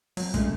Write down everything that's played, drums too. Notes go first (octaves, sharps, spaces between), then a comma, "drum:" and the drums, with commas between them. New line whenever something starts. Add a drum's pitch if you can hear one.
F2 F#3, drum: open hi-hat
C#3 F3 G#3 A3, drum: kick, hi-hat